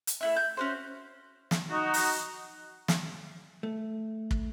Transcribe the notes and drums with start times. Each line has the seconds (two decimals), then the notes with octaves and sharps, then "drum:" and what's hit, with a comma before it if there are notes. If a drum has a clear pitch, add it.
0.07 drum: hi-hat
0.21 A3 E4 E5
0.36 G6
0.57 C#4 F#4 C5
1.51 drum: snare
1.71 D#4 F#4
1.94 drum: open hi-hat
2.88 drum: snare
3.63 A3
4.31 drum: kick